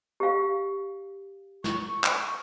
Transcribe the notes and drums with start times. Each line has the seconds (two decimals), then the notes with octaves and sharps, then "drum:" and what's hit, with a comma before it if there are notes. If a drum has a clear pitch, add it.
0.20 G4 F5
1.64 C#6, drum: snare
2.04 drum: clap